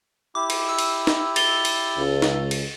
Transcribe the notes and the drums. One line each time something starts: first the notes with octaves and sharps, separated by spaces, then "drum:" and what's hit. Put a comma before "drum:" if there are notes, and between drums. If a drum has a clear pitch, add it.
E4 G4 D6
drum: cymbal
E6
drum: cymbal
drum: snare D#4
A6 F7 G7, drum: cymbal
drum: cymbal
C#2
drum: snare D#4
drum: cymbal